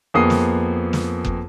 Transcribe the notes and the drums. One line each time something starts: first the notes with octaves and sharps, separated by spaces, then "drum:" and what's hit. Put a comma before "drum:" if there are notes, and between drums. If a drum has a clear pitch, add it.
F2 A#3 B3 G#4 D#6 C7
drum: snare
drum: snare
drum: kick F#1